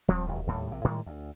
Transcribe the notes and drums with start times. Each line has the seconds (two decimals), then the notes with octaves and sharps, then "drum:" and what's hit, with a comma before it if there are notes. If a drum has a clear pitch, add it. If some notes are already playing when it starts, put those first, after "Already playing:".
0.08 F3 G3 C4, drum: kick D#1
0.26 F1 D#2 F#3
0.47 D#2 A2 G3
0.71 A#1 C3
0.84 A2 D#3 G3 G#3
1.06 D2